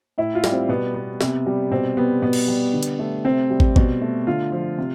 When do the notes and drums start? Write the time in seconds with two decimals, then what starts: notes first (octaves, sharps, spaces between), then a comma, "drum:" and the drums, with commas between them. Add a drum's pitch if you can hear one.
0.18 A2 E4
0.35 F4
0.44 G3, drum: snare
0.52 C4
0.69 B2 B3
0.94 B3
1.21 C3, drum: snare
1.46 G3
1.71 B2 C4
1.97 G3 B3
2.22 B2 B3
2.33 drum: cymbal
2.48 G3
2.73 D3
2.83 drum: hi-hat
2.99 A3
3.25 C3 C4
3.50 G3
3.60 drum: kick
3.76 B2, drum: kick
4.01 A3
4.27 D3 F4
4.52 F3
4.78 C3